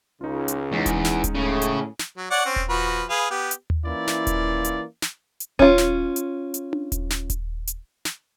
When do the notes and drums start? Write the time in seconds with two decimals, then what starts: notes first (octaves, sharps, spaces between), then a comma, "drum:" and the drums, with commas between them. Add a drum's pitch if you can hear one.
0.21 C#2 C#3 D#4 F4
0.48 drum: hi-hat
0.73 E2 G#3 C#4 D#4
0.86 drum: kick D#1, hi-hat
1.05 drum: snare
1.24 drum: kick D#1, hi-hat
1.35 A2 C#3
1.62 drum: hi-hat
1.99 drum: snare
2.17 F#3
2.31 C#5 D5 F#5
2.45 C4 C#4
2.56 drum: kick D#1
2.69 F3 F#4 B4
3.10 G#4 B4 F5
3.30 B3 G4
3.51 drum: hi-hat
3.70 drum: tom D#2
3.85 E3 A#3 C#4 E4 F4 D5
4.08 drum: snare
4.27 drum: kick D#1, hi-hat
4.65 drum: hi-hat
5.02 drum: snare
5.40 drum: hi-hat
5.59 C#4 F4, drum: kick D#1
5.78 drum: snare
6.16 drum: hi-hat
6.54 drum: hi-hat
6.73 drum: tom D4
6.92 drum: kick D#1, hi-hat
7.11 drum: snare
7.30 drum: kick D#1, hi-hat
7.67 drum: hi-hat
8.05 drum: snare